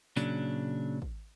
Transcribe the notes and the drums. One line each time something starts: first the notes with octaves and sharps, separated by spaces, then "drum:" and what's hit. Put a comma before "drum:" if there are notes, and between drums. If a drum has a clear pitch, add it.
A#2 C#3 F#3 D4, drum: tambourine
drum: kick